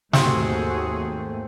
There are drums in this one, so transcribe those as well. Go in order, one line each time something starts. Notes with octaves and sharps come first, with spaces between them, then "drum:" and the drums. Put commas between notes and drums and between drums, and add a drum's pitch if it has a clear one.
D#2 G#2 A3 C4 F#4 G#4, drum: snare